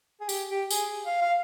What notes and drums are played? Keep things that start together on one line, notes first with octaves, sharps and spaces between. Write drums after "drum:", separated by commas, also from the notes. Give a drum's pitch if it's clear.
G#4
G4, drum: tambourine
G4
G#4, drum: tambourine
F5
F5